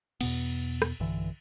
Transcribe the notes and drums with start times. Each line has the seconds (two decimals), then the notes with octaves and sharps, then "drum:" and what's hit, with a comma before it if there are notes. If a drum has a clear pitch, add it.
0.21 E2 B2 B3, drum: cymbal
0.82 drum: rim click
1.00 B1 G2 D3 E3